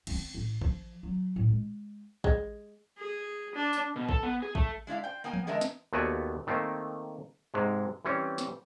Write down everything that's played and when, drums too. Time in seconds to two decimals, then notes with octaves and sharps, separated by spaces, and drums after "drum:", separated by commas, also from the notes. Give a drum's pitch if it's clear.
0.07 C4 D4, drum: cymbal
0.34 A1
0.62 F3, drum: kick
1.03 F#3
1.36 A2
1.49 G#3
2.24 G#3, drum: kick
2.98 G#4
3.55 D4
3.73 drum: tambourine
3.96 B2
4.09 A4, drum: kick
4.23 B3
4.43 G#4
4.55 A3, drum: kick
4.87 G#3 D4 E4 F5
5.04 C5 G5
5.24 A#3 B3 A#4 G5 G#5
5.34 drum: tom E3
5.47 D3 G#3 A#4 D#5 E5 A5
5.61 drum: snare
5.93 D#2 A3 B3 F#4 D5 G#5
6.47 D#3 A3 A#3 C4
7.54 G#2 C3 G#3
8.05 E3 G3 C4 C#4
8.38 drum: snare